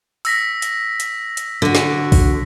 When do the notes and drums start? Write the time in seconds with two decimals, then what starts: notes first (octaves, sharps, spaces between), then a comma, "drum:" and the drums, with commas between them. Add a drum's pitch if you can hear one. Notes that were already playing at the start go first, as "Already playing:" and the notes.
0.25 E6 A#6 B6, drum: open hi-hat
0.62 drum: hi-hat
1.00 drum: hi-hat
1.37 drum: hi-hat
1.62 D3 F#4
1.75 drum: snare
2.12 drum: kick, open hi-hat